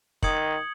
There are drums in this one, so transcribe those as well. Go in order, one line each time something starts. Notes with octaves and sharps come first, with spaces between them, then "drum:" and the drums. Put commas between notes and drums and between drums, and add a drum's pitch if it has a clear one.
D#3 D#6 G#6 C#7 F#7, drum: kick